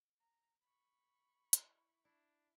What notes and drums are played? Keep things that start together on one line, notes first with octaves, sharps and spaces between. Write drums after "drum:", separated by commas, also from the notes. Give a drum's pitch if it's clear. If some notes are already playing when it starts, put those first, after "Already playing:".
A#5
B5 C#6
E4, drum: hi-hat
D4 E4